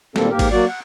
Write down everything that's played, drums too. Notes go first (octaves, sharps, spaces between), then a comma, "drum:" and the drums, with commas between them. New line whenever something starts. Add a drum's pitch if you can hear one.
A#2 D#3 G3 A#3 C4 A4, drum: snare
G#2 A#3 G4 A#4
drum: kick G#1, cymbal
F#3 A#3 F#4 D5
F#5